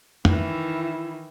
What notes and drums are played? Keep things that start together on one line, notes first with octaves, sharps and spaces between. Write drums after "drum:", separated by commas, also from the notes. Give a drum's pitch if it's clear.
D#3 E3 E4, drum: tom